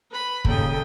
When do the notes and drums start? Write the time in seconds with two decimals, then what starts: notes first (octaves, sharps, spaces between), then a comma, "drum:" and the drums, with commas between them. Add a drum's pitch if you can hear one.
0.11 B4 B5
0.45 D#2 A#2 C#3 A4 G5 D#6, drum: kick